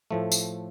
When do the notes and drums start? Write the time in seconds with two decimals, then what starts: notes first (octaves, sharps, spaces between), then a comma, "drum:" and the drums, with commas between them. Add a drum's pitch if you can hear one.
0.11 A2 F3 A3
0.32 drum: tambourine